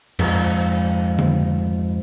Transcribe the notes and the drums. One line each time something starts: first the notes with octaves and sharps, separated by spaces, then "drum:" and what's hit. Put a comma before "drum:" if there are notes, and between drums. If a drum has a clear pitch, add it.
F2 G#2, drum: cymbal
drum: tom